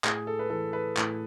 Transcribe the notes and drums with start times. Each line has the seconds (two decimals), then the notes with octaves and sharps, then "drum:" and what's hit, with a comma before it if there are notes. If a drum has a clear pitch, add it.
0.04 A2 G#4, drum: clap
0.27 A4
0.39 B4
0.50 E3 A4
0.73 B4
0.97 A2, drum: clap